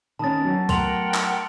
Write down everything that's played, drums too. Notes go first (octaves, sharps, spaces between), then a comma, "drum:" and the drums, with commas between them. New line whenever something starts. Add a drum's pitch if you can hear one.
D#3 C#4 A5 B5 D#6 A6
F#3 B3
A3 A#4 F#5 G5 C6 F7 F#7, drum: kick, hi-hat
drum: clap